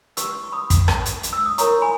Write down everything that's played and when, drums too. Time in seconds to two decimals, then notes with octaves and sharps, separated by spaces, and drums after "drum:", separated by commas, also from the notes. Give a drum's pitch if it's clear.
0.17 E4 G4 B4 C#6 E6, drum: hi-hat
0.44 C#6
0.52 B5 D#6
0.70 drum: kick, hi-hat
0.88 drum: rim click
1.06 drum: hi-hat
1.23 drum: hi-hat
1.33 E6
1.46 D#6
1.58 E4 A#4 C#5 A#5 C#6, drum: hi-hat
1.82 G#5 B5